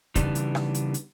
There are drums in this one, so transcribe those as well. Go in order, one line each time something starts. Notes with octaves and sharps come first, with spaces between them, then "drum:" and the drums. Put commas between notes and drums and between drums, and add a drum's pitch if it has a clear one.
C#3 E3 G3 B3 D4 D#4, drum: kick, hi-hat
drum: hi-hat
drum: rim click
drum: hi-hat
drum: hi-hat